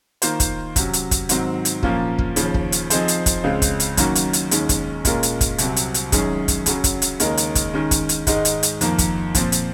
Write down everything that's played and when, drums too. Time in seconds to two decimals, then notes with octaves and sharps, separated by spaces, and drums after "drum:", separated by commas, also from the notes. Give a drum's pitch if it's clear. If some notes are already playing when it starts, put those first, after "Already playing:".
0.22 D#3 A#3 F4 C5, drum: hi-hat
0.40 drum: kick, hi-hat
0.76 C3 F#3 C#4, drum: kick, hi-hat
0.93 drum: hi-hat
1.11 drum: kick, hi-hat
1.29 G#2 D#3 F#3 C4, drum: hi-hat
1.65 drum: hi-hat
1.83 A#2 F3 A#3 C#4 F4, drum: kick
2.19 drum: kick
2.36 D#2 C#3 F3, drum: hi-hat
2.54 drum: kick
2.72 drum: hi-hat
2.90 F3 C4 D#4 G#4 C5, drum: hi-hat
3.08 drum: hi-hat
3.26 drum: kick, hi-hat
3.44 C#2 C#3 G#3 C4 F4
3.62 drum: kick, hi-hat
3.80 drum: hi-hat
3.97 F#2 D#3 A#3 C#4 F#4, drum: kick, hi-hat
4.15 drum: hi-hat
4.33 drum: hi-hat
4.51 D#2 D#3 G#3 C#4, drum: hi-hat
4.69 drum: kick, hi-hat
5.05 A#2 G#3 C#4 F4 A#4, drum: kick, hi-hat
5.23 drum: hi-hat
5.41 drum: kick, hi-hat
5.58 C2 C3 F#3 C4, drum: hi-hat
5.76 drum: hi-hat
5.94 drum: hi-hat
6.12 F#2 D#3 G#3 C#4 G#4, drum: kick, hi-hat
6.48 drum: kick, hi-hat
6.66 F#2 C#3 F#3 C#4, drum: hi-hat
6.84 drum: kick, hi-hat
7.02 drum: hi-hat
7.20 D#2 C#3 G#3 D#4 A#4, drum: hi-hat
7.37 drum: hi-hat
7.55 drum: kick, hi-hat
7.74 D#3 G#3 C#4
7.91 drum: kick, hi-hat
8.09 drum: hi-hat
8.27 G#2 D#3 G#3 D#4, drum: kick, hi-hat
8.45 drum: hi-hat
8.63 drum: hi-hat
8.81 F2 D#3 A#3, drum: hi-hat
8.98 drum: kick, hi-hat
9.35 A#2 F3 C4, drum: kick, hi-hat
9.52 drum: hi-hat